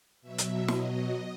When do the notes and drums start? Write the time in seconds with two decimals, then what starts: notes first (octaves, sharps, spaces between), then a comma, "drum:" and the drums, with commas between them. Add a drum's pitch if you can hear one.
0.22 B2 F#3 E5
0.38 drum: hi-hat
0.68 D#5, drum: snare